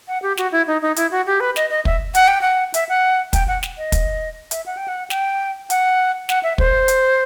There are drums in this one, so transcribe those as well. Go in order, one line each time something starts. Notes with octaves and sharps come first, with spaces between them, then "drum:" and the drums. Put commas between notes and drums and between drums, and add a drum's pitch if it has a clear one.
F#5
G4
F#4, drum: snare
E4
D#4
D#4
E4, drum: hi-hat
F#4
G4
B4
D#5, drum: snare
D#5
E5, drum: kick
F#5, drum: hi-hat
G5
F#5
E5, drum: hi-hat
F#5
G5, drum: kick, hi-hat
F#5
drum: snare
D#5
drum: kick, hi-hat
E5, drum: hi-hat
F#5
G5
F#5
G5, drum: snare
F#5, drum: hi-hat
F#5, drum: snare
E5
C5, drum: kick
drum: hi-hat